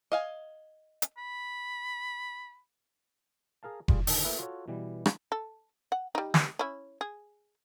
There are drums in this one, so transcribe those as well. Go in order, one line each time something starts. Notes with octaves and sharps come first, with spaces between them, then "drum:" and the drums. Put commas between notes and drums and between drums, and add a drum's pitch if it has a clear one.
D#5 F5 G#5
drum: hi-hat
B5
G#4 A#4 F5 A5
G3 F4 G#4, drum: kick F1
D3 D#3, drum: open hi-hat
A3 A#3 E4 B4 E5 F5
F4 F#4 A4 C#5
B2 E3 G3
drum: rim click
A4
F#5
G3 D#4
drum: snare
C#4 E4
G#4